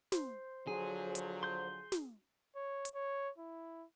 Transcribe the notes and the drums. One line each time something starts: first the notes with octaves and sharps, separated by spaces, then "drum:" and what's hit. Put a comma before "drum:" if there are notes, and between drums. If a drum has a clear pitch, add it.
C5, drum: snare
D3 F3 F#3 G#4
drum: hi-hat
C6 G6
drum: snare
C#5
drum: hi-hat
C#5
E4